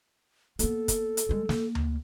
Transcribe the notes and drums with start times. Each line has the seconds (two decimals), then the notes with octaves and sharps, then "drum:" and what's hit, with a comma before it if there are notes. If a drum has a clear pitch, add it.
0.59 A#3 B3 A4, drum: hi-hat
0.88 drum: kick, hi-hat
1.17 drum: hi-hat
1.29 G3 G#3
1.49 A#3, drum: snare
1.75 drum: tom D2